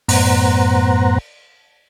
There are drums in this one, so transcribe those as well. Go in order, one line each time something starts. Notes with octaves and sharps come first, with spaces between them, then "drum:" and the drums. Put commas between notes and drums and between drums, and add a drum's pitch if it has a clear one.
F#2 A2 B3 C5 F#5 A#5, drum: open hi-hat